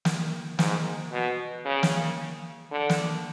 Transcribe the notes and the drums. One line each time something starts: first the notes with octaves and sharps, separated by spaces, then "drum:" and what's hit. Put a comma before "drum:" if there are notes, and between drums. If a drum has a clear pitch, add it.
drum: snare
G#2, drum: snare
B2
C#3
drum: snare
D3
drum: snare